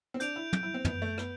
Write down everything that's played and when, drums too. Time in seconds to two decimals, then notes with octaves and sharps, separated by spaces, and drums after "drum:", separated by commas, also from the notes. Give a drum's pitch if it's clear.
0.14 C4
0.20 D4 G6 D7 F7, drum: hi-hat
0.36 E4
0.53 drum: tom
0.63 E4
0.74 C4
0.85 B3, drum: tom
1.02 A3
1.18 B3, drum: rim click